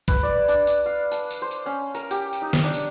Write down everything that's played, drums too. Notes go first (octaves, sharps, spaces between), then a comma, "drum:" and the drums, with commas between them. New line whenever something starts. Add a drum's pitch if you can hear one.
B4, drum: kick A#1, tambourine
D5
D4, drum: tambourine
D4, drum: tambourine
F5
A5, drum: tambourine
drum: tambourine
C5
drum: tambourine
C#4
A#4, drum: tambourine
G4, drum: tambourine
drum: tambourine
D#4
drum: snare
D4
drum: tambourine